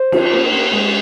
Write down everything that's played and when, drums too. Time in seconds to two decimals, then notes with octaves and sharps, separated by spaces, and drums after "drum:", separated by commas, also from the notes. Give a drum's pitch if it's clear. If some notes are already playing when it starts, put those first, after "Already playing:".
Already playing: C5
0.12 F3, drum: cymbal
0.32 A#3
0.52 A#3
0.72 G#3